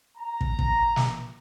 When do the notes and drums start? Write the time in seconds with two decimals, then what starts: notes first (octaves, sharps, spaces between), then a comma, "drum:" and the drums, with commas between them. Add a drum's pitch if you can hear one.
0.17 A#5
0.41 drum: kick
0.59 drum: kick
0.96 drum: snare